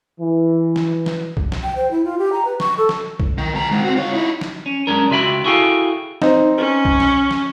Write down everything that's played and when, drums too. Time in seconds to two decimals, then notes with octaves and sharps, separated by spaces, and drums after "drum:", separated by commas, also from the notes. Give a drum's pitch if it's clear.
0.19 E3
0.76 drum: snare
1.06 drum: snare
1.37 drum: kick C2
1.52 drum: snare
1.63 G5
1.76 C5
1.91 E4
2.04 F4
2.18 G4
2.33 A#5
2.45 B4
2.60 C#6, drum: snare
2.78 A4
2.89 drum: snare
3.20 drum: kick C2
3.38 D#3
3.55 B2 A#5
3.71 G#2 D#3
3.84 C4 F#4
3.96 F4 C#5
4.13 D#4 E4
4.41 drum: snare
4.66 C#4
4.87 F#2 G#3 C#4 D4 A#4
5.10 C#2 F4 F#4 E5 G5 B5
5.44 E4 F#4 G#4 A4 F5 G5
6.22 C4 D#4, drum: snare
6.58 C#4
6.85 drum: kick C2
7.00 drum: snare
7.31 drum: snare